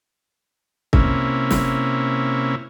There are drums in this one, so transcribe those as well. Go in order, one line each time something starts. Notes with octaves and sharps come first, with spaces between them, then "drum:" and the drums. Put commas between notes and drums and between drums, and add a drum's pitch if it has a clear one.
C3 A#3 C#4 E4, drum: kick
drum: snare